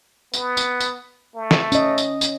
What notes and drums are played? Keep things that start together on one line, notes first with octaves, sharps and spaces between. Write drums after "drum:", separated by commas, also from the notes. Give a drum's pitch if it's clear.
B3, drum: tambourine
drum: tambourine
drum: tambourine
A3
drum: snare
C#4 D#5, drum: tambourine
drum: tambourine
drum: tambourine